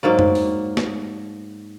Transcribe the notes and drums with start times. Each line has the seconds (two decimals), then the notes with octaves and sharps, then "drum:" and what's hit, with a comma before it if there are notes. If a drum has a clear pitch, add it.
0.03 G#2 F#3 A#3 D5
0.19 drum: tom F2
0.35 drum: open hi-hat
0.77 drum: snare